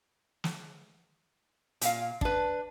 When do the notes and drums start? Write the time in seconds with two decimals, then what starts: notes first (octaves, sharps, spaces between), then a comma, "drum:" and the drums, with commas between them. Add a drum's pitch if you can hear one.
0.44 drum: snare
1.81 A#2 F5, drum: hi-hat
2.21 D4 B4, drum: kick